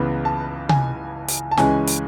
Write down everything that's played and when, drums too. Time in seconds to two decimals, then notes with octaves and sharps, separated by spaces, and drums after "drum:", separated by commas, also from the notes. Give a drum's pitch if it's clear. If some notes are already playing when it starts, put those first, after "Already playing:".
Already playing: C#2 C#3 E3 B3
0.25 A5
0.69 G#5, drum: tom C3
1.28 drum: hi-hat
1.51 A5
1.57 C#2 C#3 E3 G#3 C#4 G#5, drum: snare
1.87 drum: hi-hat